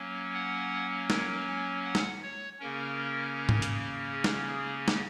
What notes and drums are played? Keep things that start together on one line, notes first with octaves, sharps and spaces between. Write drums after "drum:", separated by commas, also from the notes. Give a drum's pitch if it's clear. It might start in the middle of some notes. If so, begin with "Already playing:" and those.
Already playing: F#3 A#3 C#4
F#5
A#4, drum: snare
G#5
F#5
drum: snare
C#5
C#3 A#3 C#4 A#4
drum: tom G#2
drum: hi-hat
G#4
drum: snare
G#4
drum: snare